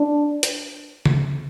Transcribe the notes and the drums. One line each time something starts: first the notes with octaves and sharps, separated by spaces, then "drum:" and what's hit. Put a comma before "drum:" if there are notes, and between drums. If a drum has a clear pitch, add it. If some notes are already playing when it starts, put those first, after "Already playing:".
Already playing: D4
drum: hi-hat
drum: tom C#3